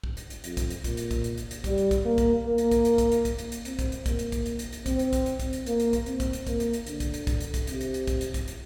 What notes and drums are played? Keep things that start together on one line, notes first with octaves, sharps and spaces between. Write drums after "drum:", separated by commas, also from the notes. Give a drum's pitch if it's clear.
drum: kick
drum: hi-hat
drum: hi-hat
F2, drum: hi-hat
drum: kick, hi-hat
drum: hi-hat
A#2, drum: kick, hi-hat
drum: hi-hat
drum: kick, hi-hat
drum: hi-hat
drum: hi-hat
drum: hi-hat
G3, drum: kick, hi-hat
drum: hi-hat
drum: kick, hi-hat
A#3
drum: kick, hi-hat
A#3
drum: hi-hat
drum: kick, hi-hat
drum: hi-hat
drum: kick, hi-hat
drum: hi-hat
drum: kick, hi-hat
drum: hi-hat
drum: hi-hat
C4, drum: hi-hat
drum: kick, hi-hat
drum: hi-hat
A#3, drum: kick, hi-hat
drum: hi-hat
drum: kick, hi-hat
drum: hi-hat
drum: hi-hat
drum: hi-hat
C4, drum: kick, hi-hat
drum: hi-hat
drum: kick, hi-hat
drum: hi-hat
drum: kick, hi-hat
drum: hi-hat
A#3, drum: hi-hat
drum: hi-hat
drum: kick, hi-hat
C4, drum: hi-hat
drum: kick, hi-hat
drum: hi-hat
A#3, drum: kick, hi-hat
drum: hi-hat
drum: hi-hat
D3, drum: hi-hat
drum: kick, hi-hat
drum: hi-hat
drum: kick, hi-hat
drum: hi-hat
drum: kick, hi-hat
C3, drum: hi-hat
drum: hi-hat
drum: hi-hat
drum: kick, hi-hat
drum: hi-hat
drum: kick, hi-hat
drum: hi-hat